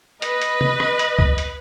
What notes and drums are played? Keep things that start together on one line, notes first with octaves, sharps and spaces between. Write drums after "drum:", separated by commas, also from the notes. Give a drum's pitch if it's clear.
B4 D#5, drum: hi-hat
drum: hi-hat
drum: tom C3
drum: rim click
drum: hi-hat
drum: kick C#2
drum: hi-hat